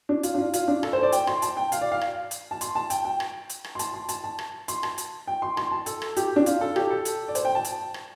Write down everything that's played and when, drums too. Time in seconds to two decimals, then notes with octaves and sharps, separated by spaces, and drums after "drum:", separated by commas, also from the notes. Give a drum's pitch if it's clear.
0.09 D4
0.23 F4, drum: hi-hat
0.34 D4
0.38 F4
0.54 F4, drum: hi-hat
0.68 D4
0.83 A4, drum: rim click
0.93 C5
1.03 D5
1.12 G5, drum: hi-hat
1.27 C6, drum: rim click
1.42 A5, drum: hi-hat
1.57 G5
1.72 F5, drum: hi-hat
1.81 D5
1.92 F5
2.01 drum: rim click
2.31 drum: hi-hat
2.51 A5
2.61 C6, drum: hi-hat
2.75 A5
2.90 G5, drum: hi-hat
3.05 G5
3.20 drum: rim click
3.50 drum: hi-hat
3.64 drum: rim click
3.75 C6
3.79 A5, drum: hi-hat
3.94 C6
4.09 A5, drum: hi-hat
4.24 A5
4.39 drum: rim click
4.68 C6, drum: hi-hat
4.83 A5, drum: rim click
4.98 drum: hi-hat
5.27 G5
5.42 C6
5.57 C6, drum: rim click
5.72 A5
5.86 A4, drum: hi-hat
6.02 drum: rim click
6.17 G4, drum: hi-hat
6.36 D4
6.46 F4, drum: hi-hat
6.61 A4
6.76 G4, drum: rim click
6.90 A4
7.05 drum: hi-hat
7.28 D5
7.35 C5, drum: hi-hat
7.45 G5
7.55 A5
7.65 drum: hi-hat
7.94 drum: rim click